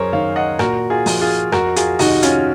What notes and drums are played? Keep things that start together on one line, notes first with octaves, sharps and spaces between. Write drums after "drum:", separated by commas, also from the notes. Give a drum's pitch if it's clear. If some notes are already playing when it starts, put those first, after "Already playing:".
Already playing: F#2 G#4 A#4 C5 C#5
D#3 C#5 F5
D#5 F#5
A#2 F#4 A#4, drum: rim click
F4 G#4
F3, drum: open hi-hat
F4 G#4
F2 F#4 A#4, drum: rim click
F4 G#4, drum: hi-hat
C3 D#3 D#4 F#4, drum: open hi-hat
C#4 F4, drum: hi-hat